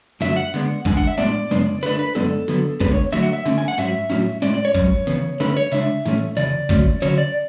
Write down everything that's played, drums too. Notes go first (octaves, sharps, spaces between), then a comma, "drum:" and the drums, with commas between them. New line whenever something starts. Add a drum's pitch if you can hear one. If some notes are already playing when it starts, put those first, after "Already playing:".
F#2 D3 F#3 A3 E5, drum: snare
F#5
D3 G#3 B3 D4, drum: hi-hat
E2 D3 G#3 D4 G#5, drum: kick, open hi-hat
F#5
E5
A2 G#3 B3 D4 D5, drum: hi-hat
F#2 C#3 G#3 B3 D4, drum: snare
D3 A3 D4 B4, drum: hi-hat
B4
F#2 D3 G#3 B3 D4 A4, drum: snare
D3 F#3 B3, drum: hi-hat
D3 G#3 B3 D4 B4, drum: kick, open hi-hat
C#5
D3 F#3 A3 E5, drum: hi-hat
F#5
E5
D3 A3 C#4, drum: snare
G#5
F#5
G#2 F#3 C#4 E5, drum: hi-hat
A2 F#3 C#4, drum: snare
A2 G#3 C#4 D5, drum: hi-hat
D5
C#5
G#2 F#3 C#4, drum: kick, open hi-hat
C#3 E3 B3, drum: hi-hat
D3 A3 C#4 B4, drum: snare
C#5
C#3 G#3 D4 E5, drum: hi-hat
A2 E3 A3 C#4, drum: snare
E2 C#3 D5, drum: hi-hat
D3 F#3 A3 C#4, drum: kick, open hi-hat
D3 F#3 C#4 C#5, drum: hi-hat
D5